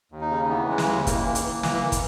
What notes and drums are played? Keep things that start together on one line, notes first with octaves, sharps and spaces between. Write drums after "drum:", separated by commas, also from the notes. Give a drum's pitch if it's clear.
D#2
D#4
C#3
E3 B3
C#3 G#3
drum: snare
D#2 G#3
E3 A#3, drum: kick, hi-hat
E3
drum: hi-hat
E3
E3, drum: snare
E3
drum: kick, hi-hat